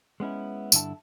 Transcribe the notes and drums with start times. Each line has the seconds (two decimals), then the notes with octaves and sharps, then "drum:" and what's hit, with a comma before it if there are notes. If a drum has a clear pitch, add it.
0.20 G#3 B3 C#4 E4
0.72 G2 D3 E4 A5, drum: tambourine